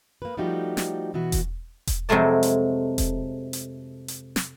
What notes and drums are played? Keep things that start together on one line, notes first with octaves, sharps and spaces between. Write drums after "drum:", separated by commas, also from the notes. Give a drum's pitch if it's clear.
A#3 B4
F3 G3 A3 D#4 F#4 G4
drum: snare
B2 E3 F#4
drum: kick E1, hi-hat
drum: kick E1, hi-hat
F2 C3 F#3 G#3 A3 D5
drum: hi-hat
drum: kick E1, hi-hat
drum: hi-hat
drum: hi-hat
drum: snare